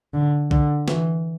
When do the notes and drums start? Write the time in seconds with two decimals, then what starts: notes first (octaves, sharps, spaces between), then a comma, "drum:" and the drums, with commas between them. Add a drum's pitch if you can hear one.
0.14 D3
0.51 D3, drum: kick
0.88 E3, drum: snare